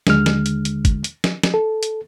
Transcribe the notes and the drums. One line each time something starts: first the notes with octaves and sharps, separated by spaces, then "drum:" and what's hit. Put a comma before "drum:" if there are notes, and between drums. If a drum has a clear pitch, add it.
D#2 D3 G#3 F6, drum: snare
drum: snare
drum: hi-hat
drum: hi-hat
drum: kick G1, hi-hat
drum: hi-hat
drum: snare
drum: snare
A4
drum: hi-hat